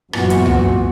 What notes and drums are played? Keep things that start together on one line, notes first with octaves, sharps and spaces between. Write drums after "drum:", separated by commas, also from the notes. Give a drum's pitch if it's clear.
F#2 A#2 E3 B3 F#4, drum: rim click
A#2, drum: hi-hat
A#2, drum: tom C2
A#2